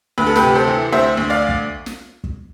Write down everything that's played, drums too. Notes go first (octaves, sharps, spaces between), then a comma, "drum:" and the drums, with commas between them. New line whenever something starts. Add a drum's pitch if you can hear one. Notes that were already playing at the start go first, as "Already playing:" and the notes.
D2 B4
A4
G4 B4, drum: snare
C3
A4 C5
E3
D2 C5 E5
D2
D5 F5
drum: kick
drum: snare
drum: kick